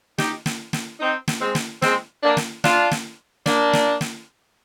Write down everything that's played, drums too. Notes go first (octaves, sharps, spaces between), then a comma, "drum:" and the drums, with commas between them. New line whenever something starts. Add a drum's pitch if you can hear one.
D#4 G4, drum: snare
drum: snare
drum: snare
C4 D#4
drum: snare
G#3 C4
drum: snare
G#3 C4, drum: snare
A#3 D4
drum: snare
D4 F4, drum: snare
drum: snare
A#3 D4, drum: snare
drum: snare
drum: snare